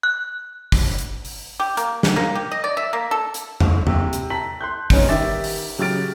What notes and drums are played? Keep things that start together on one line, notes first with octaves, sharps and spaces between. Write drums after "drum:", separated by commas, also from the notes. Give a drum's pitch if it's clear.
F#6
drum: kick, open hi-hat
drum: hi-hat
drum: open hi-hat
G4
A#3, drum: hi-hat
drum: snare
A#3
G4
D#5
D5
E5
A#3
A4
drum: hi-hat
drum: tom E2
C3, drum: tom E2
drum: hi-hat
A5 A#5 B6 F#7
C6 F#6 G6
G3 B3 C#4 D#4, drum: kick, open hi-hat
D#3 G4 E5 D6 A6
drum: open hi-hat
C#3 F#3 G4 F6 A6 D7